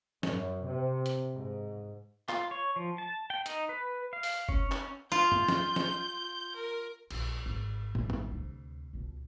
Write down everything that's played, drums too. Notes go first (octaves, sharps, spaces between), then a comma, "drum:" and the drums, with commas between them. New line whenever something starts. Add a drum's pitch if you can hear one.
F#2, drum: snare
C3
drum: hi-hat
G#2
F4, drum: clap
C#5
F3
A5
G5
D#4, drum: hi-hat
B4
F5
drum: open hi-hat
C#4, drum: kick
C#4, drum: clap
F4 G6
drum: tom
drum: snare
drum: snare
A#4
A#1, drum: cymbal
G#1
A1 G3, drum: tom
drum: tom
D2 C3
C#2 B2